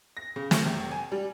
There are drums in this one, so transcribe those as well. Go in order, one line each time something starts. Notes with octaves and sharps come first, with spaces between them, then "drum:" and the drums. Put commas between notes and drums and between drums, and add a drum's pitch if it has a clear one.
A#6
C#3
A3, drum: snare
F1
G#5
G3